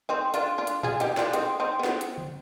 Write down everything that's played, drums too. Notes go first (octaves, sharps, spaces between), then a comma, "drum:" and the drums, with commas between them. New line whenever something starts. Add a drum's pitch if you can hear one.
C4 D#4
D4 F4, drum: hi-hat
D4 F4
drum: hi-hat
F4 G#4, drum: tom A#2
D#4 G4, drum: hi-hat
D4 F4, drum: snare
C4 D#4, drum: hi-hat
C4 D#4
B3
C4, drum: snare
drum: hi-hat
drum: tom C#3